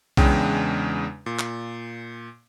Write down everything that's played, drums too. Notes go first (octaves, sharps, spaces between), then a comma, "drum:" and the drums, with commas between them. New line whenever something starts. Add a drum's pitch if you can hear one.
E2 C#3 G#3 D4 G5, drum: kick B1
A#2
drum: clap